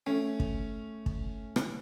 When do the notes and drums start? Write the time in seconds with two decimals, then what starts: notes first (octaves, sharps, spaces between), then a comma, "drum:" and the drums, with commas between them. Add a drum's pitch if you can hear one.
0.06 A3 C#4
0.40 drum: kick
1.06 drum: kick
1.56 drum: rim click